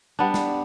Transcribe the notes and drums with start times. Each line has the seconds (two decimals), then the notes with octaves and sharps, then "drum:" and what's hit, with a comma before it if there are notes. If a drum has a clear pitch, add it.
0.19 G3 B3 D4
0.34 drum: snare